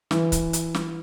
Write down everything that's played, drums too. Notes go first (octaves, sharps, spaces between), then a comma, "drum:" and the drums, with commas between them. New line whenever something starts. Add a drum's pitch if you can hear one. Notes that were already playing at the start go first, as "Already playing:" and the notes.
E3, drum: snare
drum: kick C#1, hi-hat
drum: hi-hat
drum: snare